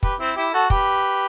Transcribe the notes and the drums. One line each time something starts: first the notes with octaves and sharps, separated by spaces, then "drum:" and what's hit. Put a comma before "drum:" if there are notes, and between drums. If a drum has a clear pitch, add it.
G4 B4, drum: kick
C4 E4
E4 G4
F#4 A4
G4 B4, drum: kick